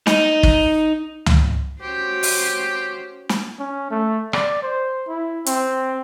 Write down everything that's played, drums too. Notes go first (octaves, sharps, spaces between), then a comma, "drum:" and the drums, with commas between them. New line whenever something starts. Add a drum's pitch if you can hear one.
D#4, drum: snare
drum: kick
drum: tom
C#4 F#4 G4 C5
drum: open hi-hat
drum: snare
C#4
A3
D5, drum: rim click
C5
E4
C4, drum: hi-hat